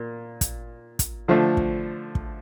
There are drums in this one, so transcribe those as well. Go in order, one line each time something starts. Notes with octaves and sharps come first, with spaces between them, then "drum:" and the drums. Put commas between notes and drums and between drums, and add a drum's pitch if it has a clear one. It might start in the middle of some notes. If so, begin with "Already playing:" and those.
Already playing: A#2
drum: kick, hi-hat
drum: kick, hi-hat
D3 F3 A3
drum: kick
drum: kick